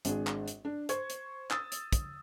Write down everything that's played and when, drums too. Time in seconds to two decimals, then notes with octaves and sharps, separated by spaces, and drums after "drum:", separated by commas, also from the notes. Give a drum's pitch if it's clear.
0.05 G#1 D4 G#4, drum: hi-hat
0.27 drum: clap
0.48 drum: hi-hat
0.65 D4
0.89 C5 C#6 G#6, drum: hi-hat
1.10 drum: hi-hat
1.51 D#6 E6 A6, drum: clap
1.72 drum: hi-hat
1.93 drum: kick, hi-hat